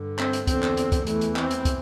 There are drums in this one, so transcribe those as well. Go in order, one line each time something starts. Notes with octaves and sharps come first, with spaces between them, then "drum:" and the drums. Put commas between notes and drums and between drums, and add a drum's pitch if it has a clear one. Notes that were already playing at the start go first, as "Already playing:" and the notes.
Already playing: G2 D3
C4, drum: clap
drum: hi-hat
E2 D3 C4, drum: kick, hi-hat
drum: clap
drum: hi-hat
drum: kick, hi-hat
E2 E3 A3, drum: hi-hat
drum: hi-hat
C4, drum: clap
drum: hi-hat
drum: kick, hi-hat